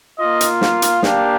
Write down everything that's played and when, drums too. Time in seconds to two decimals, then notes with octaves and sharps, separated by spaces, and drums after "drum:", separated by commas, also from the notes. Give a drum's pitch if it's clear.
0.19 A#3 F4 D#5
0.41 drum: hi-hat
0.61 F5, drum: snare
0.82 drum: hi-hat
1.03 A#3 D4 G4, drum: snare